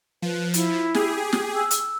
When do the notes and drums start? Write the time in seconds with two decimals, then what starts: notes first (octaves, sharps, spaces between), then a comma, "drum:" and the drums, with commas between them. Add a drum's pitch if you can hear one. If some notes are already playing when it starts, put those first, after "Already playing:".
0.22 F3 B4
0.54 E4, drum: hi-hat
0.95 G4 G#4, drum: snare
1.33 drum: snare
1.54 E6
1.71 drum: hi-hat